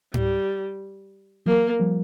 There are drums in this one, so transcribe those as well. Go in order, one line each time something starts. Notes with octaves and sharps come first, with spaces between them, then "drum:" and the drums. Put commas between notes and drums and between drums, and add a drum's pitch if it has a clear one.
G3, drum: tom G#2
E3 F#3 A#3
F3 G3